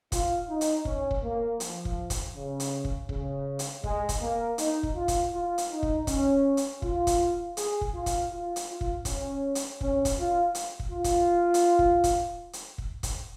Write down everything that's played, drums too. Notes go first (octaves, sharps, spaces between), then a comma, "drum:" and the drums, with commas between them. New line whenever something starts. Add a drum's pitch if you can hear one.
F4, drum: kick, hi-hat
D#4
drum: hi-hat
C#4, drum: kick
drum: kick
A#3
F3, drum: hi-hat
drum: kick
drum: kick, hi-hat
C#3
drum: hi-hat
drum: kick
C#3, drum: kick
drum: hi-hat
G#3, drum: kick
drum: kick, hi-hat
A#3
D#4, drum: hi-hat
drum: kick
F4
drum: kick, hi-hat
F4
drum: hi-hat
D#4
drum: kick
C#4, drum: kick, hi-hat
drum: hi-hat
F4, drum: kick
drum: kick, hi-hat
G#4, drum: hi-hat
drum: kick
F4
drum: kick, hi-hat
F4
drum: hi-hat
F4
drum: kick
C#4, drum: kick, hi-hat
drum: hi-hat
C#4, drum: kick
drum: kick, hi-hat
F4
drum: hi-hat
drum: kick
F4
drum: kick, hi-hat
drum: hi-hat
drum: kick
drum: kick, hi-hat
drum: hi-hat
drum: kick
drum: kick, hi-hat